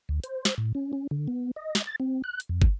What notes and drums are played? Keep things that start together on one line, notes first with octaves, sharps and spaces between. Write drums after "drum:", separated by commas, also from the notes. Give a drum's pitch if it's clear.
D2
C5, drum: hi-hat
drum: snare
A2
C#4
C#4
D3
B3
D#5
drum: snare
A6
C4
F#6
drum: hi-hat
F2
drum: kick